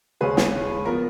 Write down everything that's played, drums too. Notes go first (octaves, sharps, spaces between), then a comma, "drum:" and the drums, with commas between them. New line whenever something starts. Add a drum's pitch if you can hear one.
D#2 C#3 G#3 C#4 G#4 B4
drum: snare
F3 B3 A#4